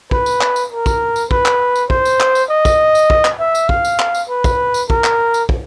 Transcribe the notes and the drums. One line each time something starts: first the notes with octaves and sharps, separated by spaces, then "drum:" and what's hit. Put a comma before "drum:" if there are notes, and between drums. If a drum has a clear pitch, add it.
B4, drum: kick
drum: tambourine
drum: clap
drum: tambourine
A#4
drum: kick, tambourine
drum: tambourine
B4, drum: kick
drum: clap
drum: tambourine
C5, drum: kick
drum: tambourine
drum: clap
drum: tambourine
D#5
drum: kick, tambourine
drum: tambourine
drum: kick
drum: clap
E5
drum: tambourine
F5, drum: kick
drum: tambourine
drum: clap
drum: tambourine
B4
drum: kick, tambourine
drum: tambourine
A#4, drum: kick
drum: clap
drum: tambourine
drum: kick